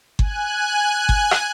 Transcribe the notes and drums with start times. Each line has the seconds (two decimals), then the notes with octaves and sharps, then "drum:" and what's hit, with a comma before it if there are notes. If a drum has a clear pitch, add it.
0.19 G#5 F#6, drum: kick G1
1.09 drum: kick G1
1.31 drum: rim click